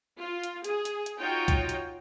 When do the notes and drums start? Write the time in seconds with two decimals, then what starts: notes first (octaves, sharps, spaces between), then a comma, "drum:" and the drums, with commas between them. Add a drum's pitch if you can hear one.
0.19 F4
0.44 drum: hi-hat
0.64 G#4, drum: hi-hat
0.85 drum: hi-hat
1.06 drum: hi-hat
1.20 D#4 F4 F#4 C#5 G5
1.48 drum: kick C2, hi-hat
1.69 drum: hi-hat